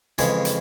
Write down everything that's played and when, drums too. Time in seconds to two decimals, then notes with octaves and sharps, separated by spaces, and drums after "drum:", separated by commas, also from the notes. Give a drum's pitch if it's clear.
0.18 F2 C#3 E3 G#3 C#5, drum: hi-hat
0.45 drum: hi-hat